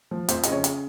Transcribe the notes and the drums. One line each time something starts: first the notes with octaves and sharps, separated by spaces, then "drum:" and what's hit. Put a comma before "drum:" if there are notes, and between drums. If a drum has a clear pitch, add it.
F3
F2 C5, drum: hi-hat
C#3 D#5, drum: hi-hat
C#5
drum: hi-hat